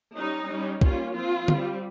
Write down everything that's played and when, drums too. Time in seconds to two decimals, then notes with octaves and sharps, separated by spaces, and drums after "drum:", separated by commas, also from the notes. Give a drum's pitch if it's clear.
0.16 G3 C#4 D#4
0.49 G3 C#4
0.81 G3 A#3 C#4 F4, drum: kick C2
1.14 F3 C4 F4
1.48 G3 C4, drum: tom D3